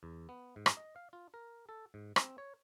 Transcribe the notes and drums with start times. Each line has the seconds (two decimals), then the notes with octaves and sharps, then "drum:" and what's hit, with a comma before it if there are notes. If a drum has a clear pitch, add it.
0.03 E2
0.29 B3
0.56 G#2
0.66 drum: rim click
0.77 D#5
0.96 F5
1.13 F4
1.34 A#4
1.69 A4
1.94 G#2
2.16 C4, drum: rim click
2.38 C#5